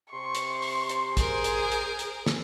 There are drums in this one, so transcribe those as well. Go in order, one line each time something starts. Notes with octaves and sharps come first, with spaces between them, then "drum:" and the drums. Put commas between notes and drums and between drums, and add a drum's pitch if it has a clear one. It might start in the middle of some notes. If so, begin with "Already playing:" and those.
C3 C6 C#6
drum: hi-hat
drum: open hi-hat
drum: hi-hat
G#4 A#4 C5, drum: kick, hi-hat
drum: hi-hat
drum: hi-hat
drum: hi-hat
drum: snare